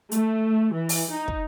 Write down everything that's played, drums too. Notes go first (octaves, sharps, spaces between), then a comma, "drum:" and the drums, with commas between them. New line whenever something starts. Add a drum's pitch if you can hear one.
A3, drum: hi-hat
E3
drum: open hi-hat
D#4
drum: kick